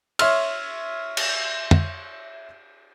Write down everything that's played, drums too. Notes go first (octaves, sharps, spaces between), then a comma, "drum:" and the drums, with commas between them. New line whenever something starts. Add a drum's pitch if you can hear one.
C#5 E5 C6 F6, drum: cymbal
drum: cymbal
drum: tom